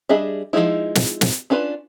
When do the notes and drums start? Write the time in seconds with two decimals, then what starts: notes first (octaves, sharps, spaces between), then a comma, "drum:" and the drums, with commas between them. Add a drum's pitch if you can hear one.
0.09 G3 D4 G#4 D#5 E5
0.53 F3 F#3 G#3 D#4 E4
0.95 drum: snare
1.21 drum: snare
1.50 C#4 D4 F4 B4